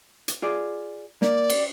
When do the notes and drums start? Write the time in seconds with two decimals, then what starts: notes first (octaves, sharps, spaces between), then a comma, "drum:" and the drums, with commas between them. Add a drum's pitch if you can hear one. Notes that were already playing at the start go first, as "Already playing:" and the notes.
0.28 drum: hi-hat
0.42 F4 G#4 D5
1.22 A#3 D5, drum: snare
1.50 drum: cymbal